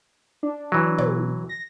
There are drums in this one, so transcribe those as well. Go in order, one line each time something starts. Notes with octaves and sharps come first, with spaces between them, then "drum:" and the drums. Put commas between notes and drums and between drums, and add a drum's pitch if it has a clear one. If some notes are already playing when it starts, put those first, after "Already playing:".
D4
E3 F#3
B2, drum: tom
A#6